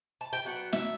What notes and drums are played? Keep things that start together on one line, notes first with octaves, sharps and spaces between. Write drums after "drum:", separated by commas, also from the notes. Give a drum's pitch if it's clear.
A5
G5
F#3 B3 D4 F#5
E5, drum: snare